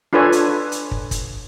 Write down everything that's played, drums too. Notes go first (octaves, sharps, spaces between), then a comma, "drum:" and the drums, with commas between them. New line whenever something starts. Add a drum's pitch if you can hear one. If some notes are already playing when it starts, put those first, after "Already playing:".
D4 F4 A4 B4 C#5 G#5
drum: hi-hat
drum: hi-hat
drum: kick
drum: kick, hi-hat